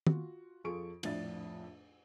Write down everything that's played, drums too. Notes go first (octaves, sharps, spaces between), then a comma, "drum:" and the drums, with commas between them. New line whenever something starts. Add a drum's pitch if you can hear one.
F4 F#4, drum: tom
F2 F4 G#4 A4 C#6 D7
A#1 F2 A2 D4 E5 A6, drum: cymbal